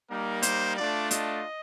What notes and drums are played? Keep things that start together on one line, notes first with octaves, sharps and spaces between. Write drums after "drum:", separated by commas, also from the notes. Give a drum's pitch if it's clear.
G3 A#3 D#4 A#4
C5, drum: hi-hat
A3 D4 F4 D5
D#5, drum: hi-hat